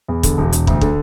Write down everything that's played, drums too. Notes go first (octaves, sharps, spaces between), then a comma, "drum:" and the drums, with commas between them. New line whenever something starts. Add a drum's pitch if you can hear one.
E2
D3, drum: kick, hi-hat
E1
E1, drum: hi-hat
D2, drum: kick
D3, drum: kick